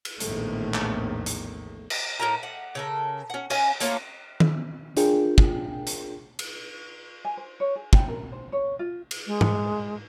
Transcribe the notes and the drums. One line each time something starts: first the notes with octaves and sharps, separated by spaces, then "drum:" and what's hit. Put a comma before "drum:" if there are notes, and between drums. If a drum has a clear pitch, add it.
drum: cymbal
A#1 E2 A2 D#3 A3, drum: hi-hat
drum: clap
drum: hi-hat
drum: cymbal
A2 A#4 A#5
F#5
C#3 A4 A#4
C#4 F#5
C#4 F5 G#5, drum: cymbal
A3 A#3 C#4 F4, drum: hi-hat
drum: tom D#3
D4 F4 G#4 A#4 G5, drum: hi-hat
drum: kick
drum: hi-hat
drum: cymbal
G#5
C5
C#5
G#4
G5, drum: kick
A#4
C5
C#5
F4
drum: cymbal
G#3
drum: tom G#2